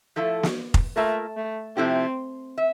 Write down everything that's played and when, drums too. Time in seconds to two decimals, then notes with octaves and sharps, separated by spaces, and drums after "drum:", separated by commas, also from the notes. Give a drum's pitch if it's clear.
0.16 A2 F3 A3 E4 A4
0.43 drum: snare
0.74 drum: kick F1
0.96 A3 A#3 F4 A#4 E5
1.37 A3
1.77 C3 F3 A3 C4 E4 G4
2.58 E5